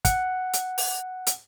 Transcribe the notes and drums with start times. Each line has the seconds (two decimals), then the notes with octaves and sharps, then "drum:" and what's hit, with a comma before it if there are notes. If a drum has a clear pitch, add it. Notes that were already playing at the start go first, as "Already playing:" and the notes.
0.05 F#5, drum: kick, hi-hat
0.53 drum: hi-hat
0.78 drum: open hi-hat
1.27 drum: hi-hat